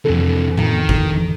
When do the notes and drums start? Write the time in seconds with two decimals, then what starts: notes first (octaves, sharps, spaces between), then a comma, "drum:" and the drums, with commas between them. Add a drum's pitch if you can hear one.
0.05 F2 C3 E3 A4
0.58 D#3, drum: tom A2
0.89 drum: kick G1